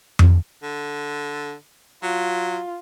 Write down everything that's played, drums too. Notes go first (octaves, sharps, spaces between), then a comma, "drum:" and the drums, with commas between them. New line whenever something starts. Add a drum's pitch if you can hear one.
drum: tom F2
D3
F#3 F4